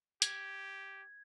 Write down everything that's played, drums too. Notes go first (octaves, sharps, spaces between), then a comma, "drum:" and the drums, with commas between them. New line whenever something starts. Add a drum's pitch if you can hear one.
G4 G#6, drum: hi-hat